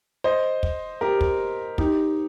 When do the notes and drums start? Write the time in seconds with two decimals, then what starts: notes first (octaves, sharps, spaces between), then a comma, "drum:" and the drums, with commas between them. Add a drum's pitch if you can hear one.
0.24 C5 D#5
0.63 drum: kick
1.01 G4 A#4
1.21 drum: kick
1.78 D#4 G4, drum: kick